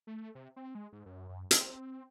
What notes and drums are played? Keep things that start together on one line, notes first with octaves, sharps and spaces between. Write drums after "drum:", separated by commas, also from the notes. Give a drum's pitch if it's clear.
A3
C3
C4
G#3
G#2
F#2
F#2
C4, drum: hi-hat